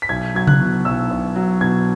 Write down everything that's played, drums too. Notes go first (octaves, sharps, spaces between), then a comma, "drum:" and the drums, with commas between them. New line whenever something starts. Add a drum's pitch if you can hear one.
B6
B1 G#6
F#3 G#6
F#6, drum: tom C3
B2
B1 E6
B1
F#3
B2 G#6